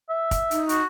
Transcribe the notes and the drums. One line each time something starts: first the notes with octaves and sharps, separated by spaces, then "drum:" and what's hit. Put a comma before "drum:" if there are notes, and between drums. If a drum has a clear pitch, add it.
E5
drum: kick, hi-hat
D#4, drum: hi-hat
F#4, drum: hi-hat